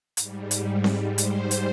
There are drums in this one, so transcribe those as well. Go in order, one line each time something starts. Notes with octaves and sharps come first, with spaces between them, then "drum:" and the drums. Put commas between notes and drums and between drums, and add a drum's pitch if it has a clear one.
G#2 G3, drum: hi-hat
drum: hi-hat
drum: snare C4
C5, drum: hi-hat
drum: hi-hat